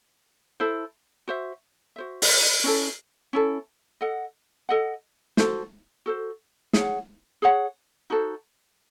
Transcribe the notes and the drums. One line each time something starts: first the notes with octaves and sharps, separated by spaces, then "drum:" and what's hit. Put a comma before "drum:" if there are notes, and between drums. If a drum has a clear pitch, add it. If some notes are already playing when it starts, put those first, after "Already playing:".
E4 A4 C5
F#4 C5 E5
F#4 C5 E5
drum: open hi-hat
C#4 E4 A4
C#4 E4 A4
A4 D#5 F#5
A4 D#5 F#5
F#4 A4 C5, drum: snare
F#4 A4 C5
G#4 C#5 F#5, drum: snare
G#4 C#5 F#5
D#4 F#4 A4 C5